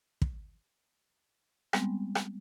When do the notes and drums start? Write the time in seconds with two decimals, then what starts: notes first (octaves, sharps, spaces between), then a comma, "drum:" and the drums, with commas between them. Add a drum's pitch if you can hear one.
0.22 drum: kick
1.73 G3 G#3 B3 C4, drum: rim click
2.15 drum: rim click